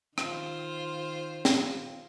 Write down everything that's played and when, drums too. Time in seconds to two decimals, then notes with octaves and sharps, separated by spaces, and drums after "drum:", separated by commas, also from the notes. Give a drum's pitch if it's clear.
0.18 D#3 F4 C5, drum: rim click
1.45 drum: snare